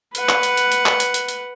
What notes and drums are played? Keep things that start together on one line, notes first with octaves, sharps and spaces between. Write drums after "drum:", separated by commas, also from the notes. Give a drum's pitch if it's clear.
B4 F#5, drum: hi-hat
drum: clap
drum: hi-hat
drum: hi-hat
drum: hi-hat
drum: clap
drum: hi-hat
drum: hi-hat
drum: hi-hat